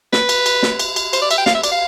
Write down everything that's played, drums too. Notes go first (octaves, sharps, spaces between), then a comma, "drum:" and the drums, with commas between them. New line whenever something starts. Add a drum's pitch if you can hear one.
B4, drum: snare
drum: cymbal
drum: cymbal
drum: snare
drum: cymbal
drum: cymbal
C5, drum: cymbal
D5
E5, drum: cymbal
G5
F5, drum: snare
E5
D5, drum: cymbal
F5